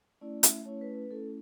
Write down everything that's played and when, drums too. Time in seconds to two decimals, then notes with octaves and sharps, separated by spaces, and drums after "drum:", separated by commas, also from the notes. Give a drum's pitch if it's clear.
0.21 A3 C#4 E4 D5
0.43 E5, drum: hi-hat
0.65 A3 C#4 E4 C#5
0.81 B4
0.95 B4
1.11 A3 C#4 E4 A4